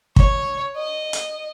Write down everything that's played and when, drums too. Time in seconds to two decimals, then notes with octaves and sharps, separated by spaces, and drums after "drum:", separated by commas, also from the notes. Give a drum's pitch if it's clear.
0.16 C#5, drum: kick
0.76 D#5
1.13 drum: hi-hat